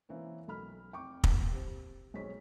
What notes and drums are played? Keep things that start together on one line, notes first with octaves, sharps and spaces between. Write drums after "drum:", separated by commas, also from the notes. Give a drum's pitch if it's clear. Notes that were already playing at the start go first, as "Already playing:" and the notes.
E3 A#3 C4 C#4
B1 A4 B5 F6
F1 G5 C#6 D6
A#2, drum: kick
C4 G4
B1 C4 G#4 C#5 B6